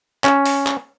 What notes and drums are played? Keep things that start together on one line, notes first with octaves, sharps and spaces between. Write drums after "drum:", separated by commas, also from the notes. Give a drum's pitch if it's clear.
C#4, drum: clap
drum: open hi-hat
drum: clap